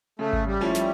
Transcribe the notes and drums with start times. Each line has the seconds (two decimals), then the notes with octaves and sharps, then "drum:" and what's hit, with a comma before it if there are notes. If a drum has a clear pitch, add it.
0.19 C#3 A3
0.33 drum: kick G#1
0.46 G3
0.61 F3 A3 C#4 E4
0.75 G3, drum: snare